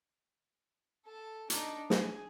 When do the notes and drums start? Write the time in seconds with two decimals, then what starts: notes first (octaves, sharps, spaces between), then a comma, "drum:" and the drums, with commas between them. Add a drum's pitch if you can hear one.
1.06 A4 A5
1.50 D4 D#4, drum: hi-hat
1.90 G#4, drum: snare